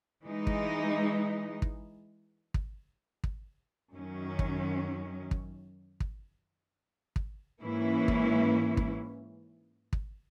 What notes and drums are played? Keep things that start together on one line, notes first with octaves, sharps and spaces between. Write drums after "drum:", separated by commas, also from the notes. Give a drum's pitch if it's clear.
E3 G#3 D#4
drum: kick
drum: kick
drum: kick
drum: kick
F#2 D#3 F#3 C#4
drum: kick
drum: kick
drum: kick
drum: kick
G#2 E3 A#3 C#4 E4
drum: kick
drum: kick
drum: kick